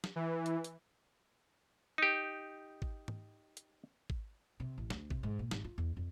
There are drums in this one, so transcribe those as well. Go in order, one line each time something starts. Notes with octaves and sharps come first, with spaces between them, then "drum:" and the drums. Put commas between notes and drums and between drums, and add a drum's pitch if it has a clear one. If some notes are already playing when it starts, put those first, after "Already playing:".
drum: snare
E3
drum: hi-hat
drum: hi-hat
D#4 G4
drum: kick G#1
drum: tom G#2
drum: hi-hat
drum: kick G#1
C3
A1
D2, drum: snare
C3, drum: kick G#1
G#2
A#2
G#1, drum: snare
F4
E2
F2